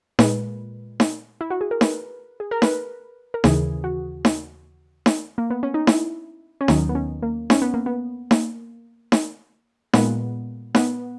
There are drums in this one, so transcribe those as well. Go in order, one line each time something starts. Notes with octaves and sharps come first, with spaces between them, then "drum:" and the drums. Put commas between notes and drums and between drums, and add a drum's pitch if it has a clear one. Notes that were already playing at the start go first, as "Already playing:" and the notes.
A#2 G#3 B4, drum: snare D#4
drum: snare D#4
E4
F#4
G#4
A#4
B4, drum: snare D#4
G#4
A#4
B4, drum: snare D#4
A#4
D#2 C#3 E3 G#4, drum: snare D#4
F#4
drum: snare D#4
drum: snare D#4
A#3
B3
C#4
D#4
E4, drum: snare D#4
C#4
D#2 D#3 F#3 D#4, drum: snare D#4
B3
C#4
A#3
C#4, drum: snare D#4
B3
A#3
B3
A#3, drum: snare D#4
drum: snare D#4
A#2 G#3 B3, drum: snare D#4
B3, drum: snare D#4